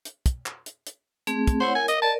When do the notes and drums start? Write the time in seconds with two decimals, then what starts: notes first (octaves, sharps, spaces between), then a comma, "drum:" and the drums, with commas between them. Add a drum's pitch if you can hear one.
0.05 drum: hi-hat
0.26 drum: kick, hi-hat
0.46 drum: clap
0.66 drum: hi-hat
0.87 drum: hi-hat
1.27 A3 C4 G#4, drum: hi-hat
1.47 drum: kick, hi-hat
1.60 E4 C5 C#5 F#5
1.75 A#4 G#5
1.88 D#5, drum: hi-hat
2.02 A#4 D5 D#5 A5